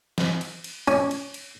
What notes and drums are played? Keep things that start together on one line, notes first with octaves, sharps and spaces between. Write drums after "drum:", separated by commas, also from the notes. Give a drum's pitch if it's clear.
drum: snare
drum: cymbal
drum: cymbal
C#4, drum: cymbal
drum: cymbal
drum: cymbal